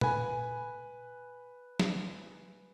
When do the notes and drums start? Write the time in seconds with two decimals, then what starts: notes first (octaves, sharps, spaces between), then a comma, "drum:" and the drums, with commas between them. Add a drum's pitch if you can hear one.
0.01 B4 G#5, drum: tom A#2
1.80 drum: snare